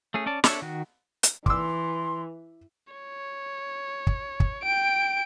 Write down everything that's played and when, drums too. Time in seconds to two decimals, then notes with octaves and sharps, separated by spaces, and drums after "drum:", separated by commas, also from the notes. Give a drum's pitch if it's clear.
0.14 A3 C#4 G#4
0.26 C#4 D5 A5
0.44 D4 A4 C#5 E5, drum: snare
0.62 D#3 F#4
1.23 drum: hi-hat
1.46 E3 C6 D6 E6, drum: kick
2.93 C#5
4.07 drum: kick
4.40 drum: kick
4.64 G5 D7